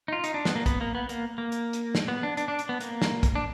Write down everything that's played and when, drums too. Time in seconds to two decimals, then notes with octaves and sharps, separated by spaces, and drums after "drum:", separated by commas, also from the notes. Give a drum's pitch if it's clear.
0.08 D#4
0.12 F4
0.24 D#4, drum: hi-hat
0.34 D4
0.45 B3, drum: snare
0.56 A#3
0.66 B3, drum: kick, hi-hat
0.81 A#3
0.95 B3
1.09 A#3, drum: hi-hat
1.38 A#3
1.52 drum: hi-hat
1.73 drum: hi-hat
1.95 drum: snare
2.08 B3
2.23 D4
2.37 D4, drum: hi-hat
2.48 D4
2.59 drum: hi-hat
2.69 B3
2.81 A#3, drum: hi-hat
3.02 drum: snare
3.23 drum: kick, hi-hat
3.35 D4